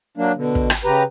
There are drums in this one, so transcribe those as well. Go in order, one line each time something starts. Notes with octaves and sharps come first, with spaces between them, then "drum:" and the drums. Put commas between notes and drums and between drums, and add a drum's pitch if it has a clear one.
F#3 A#3 D4
B2 D3
drum: kick
drum: rim click
C#3 G4 B4 A#5